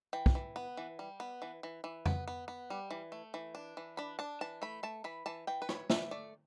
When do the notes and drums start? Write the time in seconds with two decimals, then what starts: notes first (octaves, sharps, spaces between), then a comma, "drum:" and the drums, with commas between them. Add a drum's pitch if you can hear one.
0.13 E3 G5
0.26 drum: kick
0.35 E3
0.56 B3
0.77 E3
0.99 G3
1.20 B3
1.42 E3
1.63 E3
1.84 E3
2.06 B3, drum: tom F2
2.28 B3
2.48 B3
2.70 G3
2.91 E3
3.12 A3
3.34 E3
3.55 D4
3.77 E3
3.97 D4 B5
4.19 D4 A5
4.41 E3 A5
4.62 A3 B5
4.83 A3 A5
5.04 E3 B5
5.26 E3 A5
5.47 E3 G5
5.62 B4
5.69 E3 C#5, drum: rim click
5.90 E3 E5, drum: snare
6.11 A3 D5